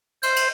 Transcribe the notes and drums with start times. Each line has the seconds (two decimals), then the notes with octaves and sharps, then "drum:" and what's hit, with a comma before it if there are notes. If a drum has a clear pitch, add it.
0.23 C5, drum: cymbal
0.36 drum: cymbal